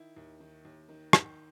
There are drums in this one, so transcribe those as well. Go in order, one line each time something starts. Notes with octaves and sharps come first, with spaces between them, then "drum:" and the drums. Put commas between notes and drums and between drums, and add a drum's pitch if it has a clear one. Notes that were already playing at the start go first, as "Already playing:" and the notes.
Already playing: D#3 E4
D#2
D#3
D#2
D#3
D#3, drum: rim click